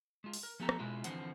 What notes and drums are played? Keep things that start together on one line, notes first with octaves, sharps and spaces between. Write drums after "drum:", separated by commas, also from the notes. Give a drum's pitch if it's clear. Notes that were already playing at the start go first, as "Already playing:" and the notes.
G#3 F4
drum: open hi-hat
A#4
F3 A3 B3 G4 A4 A#5
drum: rim click
B2 G#3 E4 F4
D3 E3 F3 C4 C5 F#5, drum: hi-hat